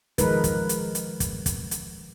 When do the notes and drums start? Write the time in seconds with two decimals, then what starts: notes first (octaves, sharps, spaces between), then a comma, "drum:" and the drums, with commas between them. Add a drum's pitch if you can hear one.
0.18 D#3 F3 G#3 D#4 A#4 B4, drum: kick, hi-hat
0.44 drum: kick, hi-hat
0.69 drum: hi-hat
0.95 drum: hi-hat
1.20 drum: kick, hi-hat
1.46 drum: kick, hi-hat
1.71 drum: hi-hat